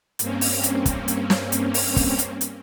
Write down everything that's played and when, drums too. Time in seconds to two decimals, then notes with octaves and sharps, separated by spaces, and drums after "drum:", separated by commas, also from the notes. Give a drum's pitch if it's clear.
0.19 G2 A#3 C4 C#4, drum: hi-hat
0.41 drum: open hi-hat
0.63 drum: hi-hat
0.86 drum: kick, hi-hat
1.08 drum: hi-hat
1.30 drum: snare
1.52 drum: hi-hat
1.74 drum: open hi-hat
1.96 drum: kick, open hi-hat
2.19 drum: hi-hat
2.41 drum: hi-hat